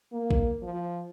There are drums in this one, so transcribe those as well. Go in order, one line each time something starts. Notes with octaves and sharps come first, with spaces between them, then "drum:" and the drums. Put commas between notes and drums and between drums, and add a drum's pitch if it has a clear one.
A#3
drum: kick A#1
F3